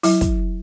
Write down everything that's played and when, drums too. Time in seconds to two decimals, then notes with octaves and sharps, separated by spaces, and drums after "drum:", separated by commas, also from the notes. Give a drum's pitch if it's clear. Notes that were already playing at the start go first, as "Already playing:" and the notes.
0.03 F#3 E4, drum: open hi-hat
0.21 drum: kick, hi-hat